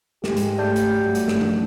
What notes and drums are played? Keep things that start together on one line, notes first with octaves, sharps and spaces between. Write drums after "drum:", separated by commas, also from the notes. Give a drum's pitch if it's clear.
G#2 G#3 G4, drum: snare
drum: hi-hat
A3 D5 A5 G6
drum: hi-hat
G2 F#3 A3
drum: hi-hat
drum: snare
drum: tom F3